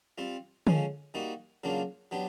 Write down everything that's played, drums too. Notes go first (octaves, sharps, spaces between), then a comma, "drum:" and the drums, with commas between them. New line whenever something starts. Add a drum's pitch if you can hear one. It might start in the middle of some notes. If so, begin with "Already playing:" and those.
G3 C4 F4
C#3 F3 G#3 C#4, drum: tom D3
G3 A#3 D#4 F#4
C#3 F#3 A#3 D4 F4
F#3 B3 D4 G4